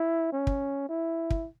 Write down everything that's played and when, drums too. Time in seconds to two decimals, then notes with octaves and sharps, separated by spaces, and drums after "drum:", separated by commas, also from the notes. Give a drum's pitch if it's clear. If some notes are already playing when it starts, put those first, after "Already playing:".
Already playing: E4
0.33 C#4
0.47 drum: kick
0.89 E4
1.30 drum: kick